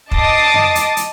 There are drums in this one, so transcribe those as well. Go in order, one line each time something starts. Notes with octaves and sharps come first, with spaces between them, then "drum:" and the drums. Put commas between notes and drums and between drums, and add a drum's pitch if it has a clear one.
D#5 A5 D6 D#6 A6 C7, drum: kick
drum: tom F2
drum: hi-hat
drum: hi-hat